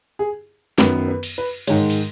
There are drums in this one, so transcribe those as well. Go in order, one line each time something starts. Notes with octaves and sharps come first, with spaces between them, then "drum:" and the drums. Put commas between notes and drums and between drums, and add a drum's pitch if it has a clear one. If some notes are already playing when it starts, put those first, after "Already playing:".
G#4
F#2 D#3 B3 B4, drum: snare
B4
drum: cymbal
B4
G#2 D#3 G#3 C#5, drum: cymbal
drum: cymbal